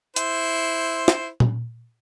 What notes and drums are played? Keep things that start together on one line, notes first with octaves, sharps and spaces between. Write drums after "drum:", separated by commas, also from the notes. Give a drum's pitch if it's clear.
E4 C5, drum: hi-hat
drum: snare
drum: tom A#2